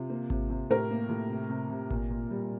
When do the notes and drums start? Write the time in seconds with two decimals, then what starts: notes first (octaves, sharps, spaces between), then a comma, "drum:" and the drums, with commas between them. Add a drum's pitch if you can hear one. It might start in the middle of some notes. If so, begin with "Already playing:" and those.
Already playing: C3 F4
0.10 A#3
0.30 C3, drum: kick G#1
0.50 C3
0.70 A2 G4 A#4
0.91 A#3
1.09 A2
1.30 C3
1.50 C3
1.70 C3
1.91 A#2, drum: kick G#1
2.10 A#2
2.30 G3